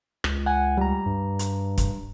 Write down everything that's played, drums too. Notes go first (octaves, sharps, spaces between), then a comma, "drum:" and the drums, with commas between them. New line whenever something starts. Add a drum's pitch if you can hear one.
C#2, drum: rim click
F#5 G#5
G3 A#5
G2
drum: hi-hat
drum: kick, hi-hat